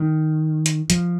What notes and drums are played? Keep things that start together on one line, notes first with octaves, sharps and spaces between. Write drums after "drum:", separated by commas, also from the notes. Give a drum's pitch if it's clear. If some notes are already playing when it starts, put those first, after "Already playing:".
Already playing: D#3
drum: hi-hat
F3, drum: hi-hat